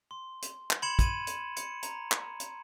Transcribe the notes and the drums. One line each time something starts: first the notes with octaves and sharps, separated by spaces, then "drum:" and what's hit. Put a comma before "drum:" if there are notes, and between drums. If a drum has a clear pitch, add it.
C6
drum: hi-hat
drum: clap
B5 C6 G#6 C#7 E7 F#7
B5 G#6 D#7, drum: kick, hi-hat
drum: hi-hat
C#7, drum: hi-hat
A#5, drum: hi-hat
drum: clap
drum: hi-hat